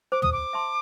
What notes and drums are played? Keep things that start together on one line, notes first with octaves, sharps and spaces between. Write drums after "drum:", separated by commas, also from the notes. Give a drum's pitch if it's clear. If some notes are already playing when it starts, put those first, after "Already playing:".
C5 D6
D#6, drum: tom
D6
E5 A5 C6